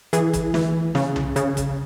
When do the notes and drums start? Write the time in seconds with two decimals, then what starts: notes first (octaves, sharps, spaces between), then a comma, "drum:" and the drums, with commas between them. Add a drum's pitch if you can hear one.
0.13 E3 G#4, drum: hi-hat
0.33 drum: kick, hi-hat
0.54 E3, drum: snare
0.95 C#3, drum: snare
1.16 drum: tom C2
1.36 C#3, drum: hi-hat
1.57 drum: kick, hi-hat